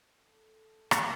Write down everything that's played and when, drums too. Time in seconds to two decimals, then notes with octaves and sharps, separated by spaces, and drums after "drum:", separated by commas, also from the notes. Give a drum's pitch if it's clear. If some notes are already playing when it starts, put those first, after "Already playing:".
0.21 A4
0.91 drum: rim click